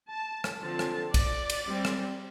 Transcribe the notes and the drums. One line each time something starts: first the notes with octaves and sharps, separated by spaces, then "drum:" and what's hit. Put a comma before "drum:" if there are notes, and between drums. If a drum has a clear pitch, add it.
A5
drum: rim click
D3 F3 C4 A5
drum: rim click
D5, drum: kick B1, cymbal
drum: cymbal
G3 C4
drum: rim click